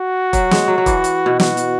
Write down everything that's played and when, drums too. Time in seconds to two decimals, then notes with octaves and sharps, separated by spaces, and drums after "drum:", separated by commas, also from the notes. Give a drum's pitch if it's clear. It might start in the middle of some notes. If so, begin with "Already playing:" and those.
Already playing: F#4
0.33 F#3, drum: kick E1, hi-hat
0.51 G#3, drum: snare
0.68 F#3
0.78 F#3
0.86 E3, drum: kick E1, hi-hat
1.04 drum: hi-hat
1.26 B2
1.40 F#4, drum: snare
1.57 drum: hi-hat